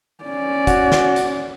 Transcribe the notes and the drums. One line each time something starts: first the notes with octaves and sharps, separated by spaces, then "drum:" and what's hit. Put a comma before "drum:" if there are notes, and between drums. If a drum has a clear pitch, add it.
C#4 D5
F#4, drum: kick, hi-hat
drum: snare
drum: hi-hat